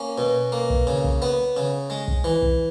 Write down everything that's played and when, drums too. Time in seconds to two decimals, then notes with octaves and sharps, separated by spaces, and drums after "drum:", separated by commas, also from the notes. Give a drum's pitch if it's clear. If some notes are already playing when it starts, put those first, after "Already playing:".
Already playing: A#3 C#4
0.18 B2
0.52 A#3
0.70 drum: kick
0.87 C#3
1.04 drum: kick
1.22 B3
1.57 C#3
1.90 G#3
2.08 drum: kick
2.24 E3
2.42 drum: kick